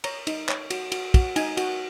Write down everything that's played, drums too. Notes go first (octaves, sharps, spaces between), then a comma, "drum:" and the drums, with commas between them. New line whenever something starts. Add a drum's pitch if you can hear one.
C#5 A#5, drum: cymbal
D#4, drum: cymbal
C#5, drum: clap
F#4, drum: cymbal
F#4, drum: cymbal
F#4, drum: kick, cymbal
D#4 G#5, drum: cymbal
F#4, drum: cymbal